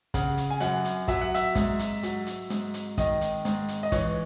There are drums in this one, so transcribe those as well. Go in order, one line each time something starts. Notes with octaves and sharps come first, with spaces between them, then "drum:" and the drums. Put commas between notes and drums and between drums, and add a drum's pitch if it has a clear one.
C#3 F#5, drum: kick, hi-hat
drum: hi-hat
G#5
F#2 F#5, drum: hi-hat
drum: hi-hat
F#3 E5, drum: kick, hi-hat
F#5
E5, drum: hi-hat
G#2, drum: kick, hi-hat
drum: hi-hat
F#3, drum: hi-hat
drum: hi-hat
G#2, drum: hi-hat
drum: hi-hat
D#3 D#5, drum: kick, hi-hat
drum: hi-hat
G#2, drum: hi-hat
drum: hi-hat
D#5
E3 C#5, drum: kick, hi-hat